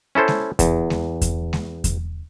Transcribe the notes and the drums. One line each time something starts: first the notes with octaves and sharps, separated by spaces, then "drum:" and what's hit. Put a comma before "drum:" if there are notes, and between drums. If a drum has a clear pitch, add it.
C#4 E4 A4 C5
drum: snare G#3
E2, drum: kick E2, hi-hat
drum: snare G#3
drum: kick E2, hi-hat
drum: snare G#3
drum: kick E2, hi-hat